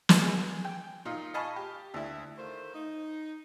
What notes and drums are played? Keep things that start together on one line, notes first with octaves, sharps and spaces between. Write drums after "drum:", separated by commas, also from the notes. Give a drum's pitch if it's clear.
drum: snare
G#4
G5
A#2 D#4 F4
D#5 F5 G#5 A5 B5 C#6
G4
D2 E4
D#3 A3 F4 C5
D#4